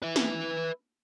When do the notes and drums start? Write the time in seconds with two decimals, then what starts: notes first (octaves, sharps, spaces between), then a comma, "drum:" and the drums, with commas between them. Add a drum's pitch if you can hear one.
0.03 B4 E5
0.16 drum: snare